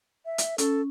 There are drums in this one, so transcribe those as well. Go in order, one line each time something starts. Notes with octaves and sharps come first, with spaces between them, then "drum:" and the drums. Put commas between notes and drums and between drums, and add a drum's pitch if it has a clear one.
E5
drum: hi-hat
C#4 A4, drum: hi-hat